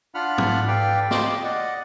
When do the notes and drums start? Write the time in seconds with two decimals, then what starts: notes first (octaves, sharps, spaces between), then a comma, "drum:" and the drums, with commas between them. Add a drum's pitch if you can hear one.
0.15 D4 F4 F#5 B5 F6
0.38 drum: tom G#2
0.68 G4 A4 B4 D5 F5 G5
1.11 F4 G4 D#5 C6 D6, drum: snare
1.44 D5 D#5 F#5